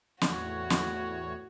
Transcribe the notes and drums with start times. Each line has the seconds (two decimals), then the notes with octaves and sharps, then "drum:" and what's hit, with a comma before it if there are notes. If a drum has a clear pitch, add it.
0.21 E2 A2 F#4 C#5, drum: snare
0.70 drum: snare